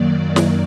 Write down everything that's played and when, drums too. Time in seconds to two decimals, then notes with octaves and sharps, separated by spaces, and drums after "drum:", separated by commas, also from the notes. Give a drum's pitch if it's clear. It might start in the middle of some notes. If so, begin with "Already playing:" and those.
Already playing: F#2 D#3 F#3 A#3 D5
0.36 drum: snare